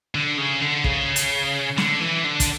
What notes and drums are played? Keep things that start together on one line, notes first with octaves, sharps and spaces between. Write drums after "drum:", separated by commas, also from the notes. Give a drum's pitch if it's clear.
D3
C#3
D3
C#3, drum: kick
drum: hi-hat
D3, drum: snare
E3
D3
drum: kick, hi-hat